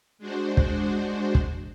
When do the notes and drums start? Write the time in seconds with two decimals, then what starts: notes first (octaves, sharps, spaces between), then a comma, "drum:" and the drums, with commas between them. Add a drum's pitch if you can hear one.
0.18 G#3 D4 F#4 C5
0.57 drum: kick
1.35 drum: kick